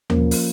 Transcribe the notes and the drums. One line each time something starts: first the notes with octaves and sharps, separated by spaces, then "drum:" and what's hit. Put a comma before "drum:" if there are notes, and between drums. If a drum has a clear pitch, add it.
F3 A#3 C#4, drum: tom D#2
drum: open hi-hat